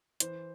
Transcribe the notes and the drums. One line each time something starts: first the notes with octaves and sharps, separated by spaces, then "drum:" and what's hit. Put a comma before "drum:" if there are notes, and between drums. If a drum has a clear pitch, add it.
E3 C5, drum: hi-hat